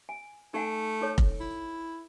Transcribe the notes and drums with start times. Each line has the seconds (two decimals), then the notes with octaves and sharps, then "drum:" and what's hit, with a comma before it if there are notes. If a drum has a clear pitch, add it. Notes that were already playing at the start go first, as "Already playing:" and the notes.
0.09 G#5
0.54 A3 D#4 F#5 G#5
1.01 D#4 A4 C#5
1.18 drum: kick F1
1.41 E4